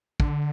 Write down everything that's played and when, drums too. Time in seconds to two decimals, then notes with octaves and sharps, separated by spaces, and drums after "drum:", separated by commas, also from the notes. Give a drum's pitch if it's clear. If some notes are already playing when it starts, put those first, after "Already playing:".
0.20 D3, drum: kick